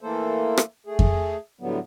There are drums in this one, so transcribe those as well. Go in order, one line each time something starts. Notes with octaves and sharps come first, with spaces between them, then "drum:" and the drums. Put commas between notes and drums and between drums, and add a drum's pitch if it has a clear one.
E3 A3 A#3 A4 C5
drum: rim click
A3 G#4
drum: kick F2
A2 D3 F#3 G3 B3